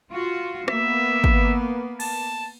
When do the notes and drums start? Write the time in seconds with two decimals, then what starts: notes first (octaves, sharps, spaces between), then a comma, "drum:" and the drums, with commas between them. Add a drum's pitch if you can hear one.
0.10 F4 F#4
0.68 A#3 B3 E5, drum: rim click
1.24 drum: kick G#1
2.00 A5, drum: cymbal